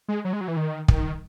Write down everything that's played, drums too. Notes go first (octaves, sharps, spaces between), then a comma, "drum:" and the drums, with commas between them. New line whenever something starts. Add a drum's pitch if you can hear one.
G#3
F#3
G#3
F#3
E3
D#3
D#3, drum: kick